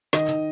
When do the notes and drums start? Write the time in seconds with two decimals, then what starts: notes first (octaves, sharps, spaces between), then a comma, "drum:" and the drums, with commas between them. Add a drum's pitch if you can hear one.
0.13 D#3 D#5, drum: snare
0.29 D#3, drum: hi-hat